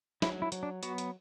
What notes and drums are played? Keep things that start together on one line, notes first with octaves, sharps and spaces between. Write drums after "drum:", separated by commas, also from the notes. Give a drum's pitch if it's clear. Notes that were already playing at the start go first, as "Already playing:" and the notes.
F#3 E4, drum: snare
E4
F#3, drum: hi-hat
D4
B3 F#4, drum: hi-hat
drum: hi-hat